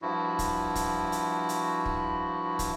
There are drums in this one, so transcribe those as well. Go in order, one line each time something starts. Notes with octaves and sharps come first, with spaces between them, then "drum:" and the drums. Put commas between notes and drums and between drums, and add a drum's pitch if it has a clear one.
G2 F3 E4 F#4
drum: kick, hi-hat
drum: kick, hi-hat
drum: hi-hat
drum: hi-hat
drum: kick
drum: kick, hi-hat